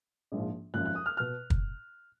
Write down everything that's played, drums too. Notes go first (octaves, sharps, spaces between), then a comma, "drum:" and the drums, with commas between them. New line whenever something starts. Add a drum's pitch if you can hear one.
A#1 G#2 F3
G#1 F#2 F3 F#6
F#6
D#6
F6
B2 F6
drum: kick